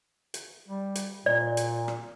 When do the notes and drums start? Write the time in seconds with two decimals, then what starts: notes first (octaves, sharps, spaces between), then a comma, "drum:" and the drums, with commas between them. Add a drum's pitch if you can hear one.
0.34 drum: hi-hat
0.68 G3
0.95 drum: hi-hat
1.26 A#2 D5
1.57 drum: hi-hat
1.88 drum: rim click